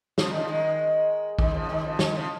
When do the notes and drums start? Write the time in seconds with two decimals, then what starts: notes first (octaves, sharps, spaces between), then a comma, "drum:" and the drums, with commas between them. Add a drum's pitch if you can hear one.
0.18 C#3 F3, drum: snare
0.28 A#2 D#3
0.37 C#3 F3
0.48 D#3 G#3
1.39 D#3 G#3, drum: kick
1.54 C#3 F3
1.69 D#3 G#3
1.84 C#3 F3
1.99 D#3 G#3, drum: snare
2.15 C#3 F3